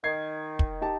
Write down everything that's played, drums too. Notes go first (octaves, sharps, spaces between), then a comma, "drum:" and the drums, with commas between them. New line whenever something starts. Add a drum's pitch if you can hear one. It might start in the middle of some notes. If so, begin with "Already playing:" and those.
D#3 G#6 C7
drum: kick
D#4 G4 A5